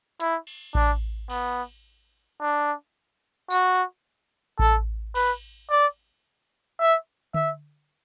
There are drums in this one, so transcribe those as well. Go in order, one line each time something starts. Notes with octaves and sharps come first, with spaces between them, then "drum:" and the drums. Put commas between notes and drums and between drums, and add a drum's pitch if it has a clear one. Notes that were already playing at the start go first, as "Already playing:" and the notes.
E4, drum: hi-hat
drum: cymbal
D4, drum: kick A1
B3, drum: cymbal
D4
F#4, drum: tambourine
drum: hi-hat
A4, drum: kick A1
B4, drum: cymbal
D5
E5
E5, drum: tom D3